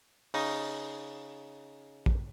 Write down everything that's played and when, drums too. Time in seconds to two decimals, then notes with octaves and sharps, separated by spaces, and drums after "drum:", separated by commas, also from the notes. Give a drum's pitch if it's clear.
0.34 C#3 D#4, drum: open hi-hat
2.06 drum: kick